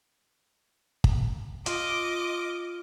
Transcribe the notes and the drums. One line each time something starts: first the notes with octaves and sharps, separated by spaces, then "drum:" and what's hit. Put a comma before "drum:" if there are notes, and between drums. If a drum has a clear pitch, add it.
drum: kick
F4 D#5 D6, drum: hi-hat